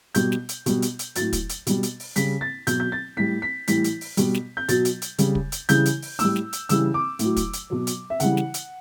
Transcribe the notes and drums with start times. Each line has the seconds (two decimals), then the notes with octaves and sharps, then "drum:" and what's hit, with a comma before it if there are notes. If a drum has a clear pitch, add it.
0.15 B2 G3 G6, drum: hi-hat
0.32 drum: snare
0.49 drum: hi-hat
0.66 B2 G3, drum: hi-hat
0.82 drum: hi-hat
0.99 drum: hi-hat
1.15 A2 F#3 A6, drum: hi-hat
1.33 drum: kick, hi-hat
1.49 drum: hi-hat
1.67 B2 G3, drum: hi-hat
1.83 drum: hi-hat
2.00 drum: open hi-hat
2.16 C#3 G3 B6, drum: hi-hat
2.41 A6
2.67 B2 F#3 G6, drum: hi-hat
2.80 G6
2.92 A6
3.17 A2 G3 B6
3.42 B6
3.67 A2 E3 G3 B6, drum: hi-hat
3.84 drum: hi-hat
4.01 drum: open hi-hat
4.17 B2 G3, drum: hi-hat
4.35 drum: snare
4.57 G6
4.68 B2 F#3 A6, drum: hi-hat
4.85 drum: hi-hat
5.02 drum: hi-hat
5.18 C#3 G3, drum: hi-hat
5.35 drum: kick
5.52 drum: hi-hat
5.69 C#3 E3 G3 G6, drum: hi-hat
5.85 drum: hi-hat
6.02 drum: open hi-hat
6.19 A2 G3 E6, drum: hi-hat
6.36 drum: snare
6.53 drum: hi-hat
6.69 C#3 E3 G3 E6, drum: hi-hat
6.94 D6
7.19 A2 F#3, drum: hi-hat
7.36 drum: kick, hi-hat
7.53 drum: hi-hat
7.70 B2 F#3
7.87 drum: hi-hat
8.10 E5
8.20 C#3 E3 G3 F#5, drum: hi-hat
8.37 drum: snare
8.54 drum: hi-hat